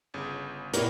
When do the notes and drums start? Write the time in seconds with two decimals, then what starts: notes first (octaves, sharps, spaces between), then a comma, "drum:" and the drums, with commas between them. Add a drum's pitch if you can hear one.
0.14 G1 C#3
0.74 A#2 B3 E4 G4 A#4 B4 D5, drum: hi-hat